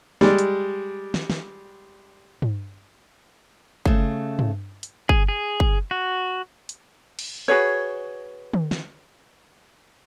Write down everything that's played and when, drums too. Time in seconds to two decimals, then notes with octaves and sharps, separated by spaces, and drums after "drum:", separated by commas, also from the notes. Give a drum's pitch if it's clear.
0.21 G3 G#3 D5, drum: snare
0.39 drum: hi-hat
1.14 drum: snare
1.30 drum: snare
2.42 drum: tom
3.86 C#3 A3, drum: kick
4.39 drum: tom
4.83 drum: hi-hat
5.09 G#4, drum: kick
5.28 G#4
5.60 drum: kick
5.91 F#4
6.69 drum: hi-hat
7.19 drum: cymbal
7.48 F#4 G#4 B4 C#5
8.54 drum: tom
8.71 drum: snare